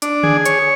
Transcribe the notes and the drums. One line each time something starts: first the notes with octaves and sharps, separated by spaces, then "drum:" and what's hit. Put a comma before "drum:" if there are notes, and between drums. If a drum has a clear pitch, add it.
D4, drum: hi-hat
G#4, drum: tom D3
C#5, drum: hi-hat